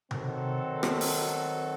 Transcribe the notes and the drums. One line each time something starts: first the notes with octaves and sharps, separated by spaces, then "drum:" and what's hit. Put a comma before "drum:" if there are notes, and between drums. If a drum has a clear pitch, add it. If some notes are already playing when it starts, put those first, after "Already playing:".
D#3 F#3 C4 F#4 A4, drum: tom C3
drum: rim click
drum: open hi-hat